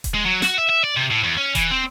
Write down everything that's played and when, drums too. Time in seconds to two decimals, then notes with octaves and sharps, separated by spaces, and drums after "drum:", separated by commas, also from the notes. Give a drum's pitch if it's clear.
0.04 drum: kick D#1, hi-hat
0.14 G#3
0.26 F#3
0.42 F#4, drum: snare
0.58 E5
0.69 E5
0.84 D5
0.97 C3
1.11 A2
1.24 E2
1.37 C#4
1.55 E3, drum: kick D#1, hi-hat
1.71 C4